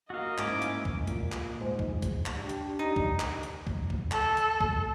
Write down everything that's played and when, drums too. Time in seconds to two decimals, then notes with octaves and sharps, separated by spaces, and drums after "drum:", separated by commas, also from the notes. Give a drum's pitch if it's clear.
0.10 A#3 F#4 D#5 F5
0.38 G#2 C#4 E4 D6, drum: clap
0.62 drum: hi-hat
0.85 drum: kick
1.07 A#2, drum: kick, hi-hat
1.32 drum: clap
1.61 G#2
1.79 drum: kick
2.02 drum: kick, hi-hat
2.26 drum: clap
2.35 D4 G4
2.49 drum: hi-hat
2.79 D#4
2.96 drum: kick
3.20 drum: clap
3.43 drum: hi-hat
3.67 drum: kick
3.90 drum: kick
4.12 A4, drum: clap
4.37 drum: hi-hat
4.60 drum: kick